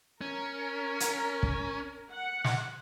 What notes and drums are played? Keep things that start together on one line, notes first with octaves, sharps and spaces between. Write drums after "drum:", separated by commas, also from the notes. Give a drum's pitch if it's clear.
C#4 A#4
drum: hi-hat
drum: kick
F#5
drum: snare